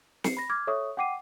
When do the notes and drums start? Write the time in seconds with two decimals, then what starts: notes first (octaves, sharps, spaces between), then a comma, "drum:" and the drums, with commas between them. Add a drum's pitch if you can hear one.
0.24 C7 C#7, drum: snare
0.37 B5 A#6
0.50 D6 F6 G#6
0.67 A4 C#5 E5 C#6 D#6
0.97 F#5 G5 D6 C7 D#7